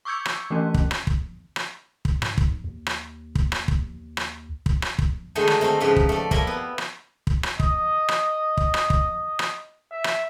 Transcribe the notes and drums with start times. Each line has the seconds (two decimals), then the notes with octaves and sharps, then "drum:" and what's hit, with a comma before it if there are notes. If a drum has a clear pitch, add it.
0.05 C#6 D6 E6 G6 G#6 C#7
0.25 drum: rim click
0.50 E3 A3 C#4
0.74 drum: kick
0.91 drum: rim click
1.07 drum: kick
1.56 drum: rim click
2.05 drum: kick
2.22 G#2, drum: rim click
2.38 drum: kick
2.64 D#2
2.86 drum: rim click
3.35 drum: kick
3.52 drum: rim click
3.68 drum: kick
4.17 drum: rim click
4.66 drum: kick
4.82 drum: rim click
4.99 drum: kick
5.35 D3 D#3 F#3 G#3 A3 D#4
5.47 drum: rim click
5.61 A3 C4 A#4 C5
5.80 G#2 C#3 F3 G4 B4
5.96 drum: kick
6.09 A3 D5
6.31 F3 A#3 E4 A#4, drum: kick
6.47 B3
6.78 drum: rim click
7.27 drum: kick
7.43 drum: rim click
7.60 D#5, drum: kick
8.08 drum: rim click
8.57 drum: kick
8.74 drum: rim click
8.90 drum: kick
9.39 drum: rim click
9.91 E5
10.04 drum: rim click